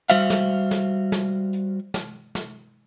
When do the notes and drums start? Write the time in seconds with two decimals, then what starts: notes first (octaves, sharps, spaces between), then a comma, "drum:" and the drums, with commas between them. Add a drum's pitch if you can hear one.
0.10 G3 F#4 C5 E5 F5
0.30 drum: snare
0.71 drum: snare
1.12 drum: snare
1.53 drum: hi-hat
1.94 drum: snare
2.35 drum: snare